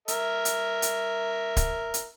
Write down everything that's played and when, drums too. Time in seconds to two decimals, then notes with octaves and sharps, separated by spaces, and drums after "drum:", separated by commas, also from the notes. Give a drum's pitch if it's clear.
0.08 A#4 E5, drum: hi-hat
0.45 drum: hi-hat
0.82 drum: hi-hat
1.57 drum: kick D1, hi-hat
1.94 drum: hi-hat